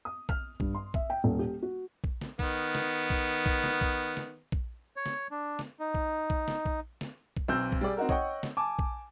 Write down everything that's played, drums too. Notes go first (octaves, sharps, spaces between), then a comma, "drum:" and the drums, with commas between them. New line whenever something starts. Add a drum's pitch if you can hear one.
D#6
F6, drum: kick A#1
G2, drum: kick A#1
C6
E5, drum: kick A#1
G5
D#1
G4
F#4
drum: kick A#1
drum: snare
D#3 B3, drum: kick A#1
drum: snare
drum: kick A#1
drum: kick A#1
drum: snare
drum: kick A#1
drum: snare
drum: kick A#1
C#5
drum: snare
D4
drum: snare
D#4
drum: kick A#1
drum: kick A#1
drum: snare
drum: kick A#1
drum: snare
drum: kick A#1
B1 C4 E6 G6
drum: kick A#1
G3 G#4 D5
C4 D#4 F#4 A#4
C#5 D#5 F#5 G5 C#6, drum: kick A#1
drum: snare
G#5 A5 D6
drum: kick A#1